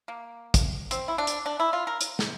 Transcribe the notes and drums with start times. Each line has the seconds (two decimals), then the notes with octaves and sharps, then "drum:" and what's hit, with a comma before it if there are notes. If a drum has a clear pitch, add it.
0.08 A#3
0.54 drum: kick, hi-hat
0.91 C4, drum: hi-hat
1.08 E4
1.18 D4
1.27 drum: hi-hat
1.46 D4
1.60 E4
1.73 F4
1.87 A#4
2.01 drum: hi-hat
2.19 drum: snare